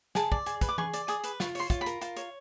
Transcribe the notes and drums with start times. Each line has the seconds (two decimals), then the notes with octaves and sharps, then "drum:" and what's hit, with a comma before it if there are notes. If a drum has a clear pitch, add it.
0.15 G#4 A5, drum: snare
0.32 D5, drum: kick
0.46 G#4, drum: hi-hat
0.61 B4, drum: kick, hi-hat
0.69 D6
0.78 G#4 C#6, drum: tom E3
0.94 D5, drum: hi-hat
1.08 G#4 D#6, drum: hi-hat
1.24 B4, drum: hi-hat
1.40 F4 C#6, drum: snare
1.55 C#5 C6, drum: open hi-hat
1.70 F4, drum: kick, hi-hat
1.81 B5
1.86 A#4, drum: hi-hat
2.01 F4, drum: hi-hat
2.17 C#5, drum: hi-hat